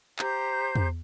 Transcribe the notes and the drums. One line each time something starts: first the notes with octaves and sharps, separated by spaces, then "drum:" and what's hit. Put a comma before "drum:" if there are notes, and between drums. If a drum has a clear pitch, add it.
G4 C5 A#5 G6, drum: clap
drum: tom